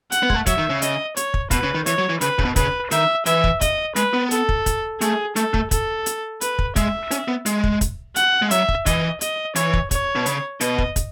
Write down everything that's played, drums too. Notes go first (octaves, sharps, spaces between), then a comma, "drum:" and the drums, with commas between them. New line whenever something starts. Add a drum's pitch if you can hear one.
F#5, drum: hi-hat
B3
G#3, drum: kick
A3
F#3 E5, drum: kick, hi-hat
D#3
C#3
D#5, drum: hi-hat
C#5, drum: hi-hat
drum: kick
B2 B4, drum: kick, hi-hat
C#3
D#3
E3 C#5, drum: hi-hat
F#3
E3
C#3 B4, drum: hi-hat
C#3, drum: kick
B2
C#3 B4, drum: kick, hi-hat
D#3 E5, drum: hi-hat
E3 E5, drum: hi-hat
drum: kick
D#5, drum: kick, hi-hat
G#3 B4, drum: hi-hat
B3
A4, drum: hi-hat
drum: kick
drum: kick, hi-hat
A3 G#4, drum: hi-hat
A3 A4, drum: hi-hat
A3, drum: kick
A4, drum: kick, hi-hat
drum: hi-hat
B4, drum: hi-hat
drum: kick
G#3 E5, drum: kick, hi-hat
C#4, drum: hi-hat
B3
G#3, drum: hi-hat
drum: kick
drum: kick, hi-hat
F#5, drum: hi-hat
G#3
F#3 E5, drum: hi-hat
drum: kick
E3 D#5, drum: kick, hi-hat
D#5, drum: hi-hat
E3 C#5, drum: hi-hat
drum: kick
C#5, drum: kick, hi-hat
B2
C#3, drum: hi-hat
B2 D#5, drum: hi-hat
drum: kick
drum: kick, hi-hat